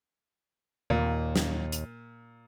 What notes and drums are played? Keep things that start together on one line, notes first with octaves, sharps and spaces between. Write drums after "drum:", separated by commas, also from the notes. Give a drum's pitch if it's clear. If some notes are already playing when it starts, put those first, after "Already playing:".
D#2 A#2
drum: snare
drum: hi-hat